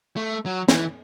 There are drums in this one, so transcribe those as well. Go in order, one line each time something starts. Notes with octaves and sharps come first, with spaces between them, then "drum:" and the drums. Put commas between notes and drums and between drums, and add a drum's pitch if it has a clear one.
A3
F#3
E3, drum: snare